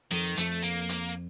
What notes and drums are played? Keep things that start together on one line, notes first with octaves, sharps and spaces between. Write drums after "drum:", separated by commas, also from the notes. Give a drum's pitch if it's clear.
F2 D#3
F2 A3, drum: hi-hat
A#3
drum: hi-hat